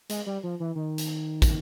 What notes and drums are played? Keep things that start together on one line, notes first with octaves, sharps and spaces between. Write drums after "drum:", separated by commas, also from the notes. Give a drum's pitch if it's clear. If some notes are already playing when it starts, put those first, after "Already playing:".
G#3, drum: hi-hat
G3
F3
E3
D#3
drum: hi-hat
drum: kick, hi-hat